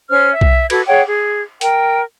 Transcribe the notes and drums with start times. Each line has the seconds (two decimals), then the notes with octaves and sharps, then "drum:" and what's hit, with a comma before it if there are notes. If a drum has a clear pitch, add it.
0.09 C#4 C5 F6
0.32 E5
0.41 drum: kick B1
0.70 F#4 A4 B4 G#6, drum: cymbal
0.87 G#4 C#5 F#5 G5
1.06 G#4
1.61 A#4 G5, drum: hi-hat